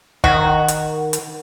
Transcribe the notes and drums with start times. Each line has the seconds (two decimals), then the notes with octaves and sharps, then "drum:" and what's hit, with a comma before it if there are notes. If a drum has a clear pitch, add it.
0.24 D#3 F#4, drum: kick
0.68 drum: hi-hat
1.13 drum: hi-hat